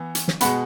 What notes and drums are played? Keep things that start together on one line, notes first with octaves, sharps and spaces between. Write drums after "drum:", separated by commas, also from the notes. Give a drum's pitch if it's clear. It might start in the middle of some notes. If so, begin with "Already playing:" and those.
Already playing: E3 B3
drum: hi-hat
drum: snare
B2 G#3 B3 F#5 B5, drum: hi-hat